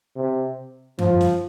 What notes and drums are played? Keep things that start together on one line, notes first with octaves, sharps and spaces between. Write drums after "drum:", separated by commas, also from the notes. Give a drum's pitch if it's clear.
C3
F3, drum: tom F#2
drum: snare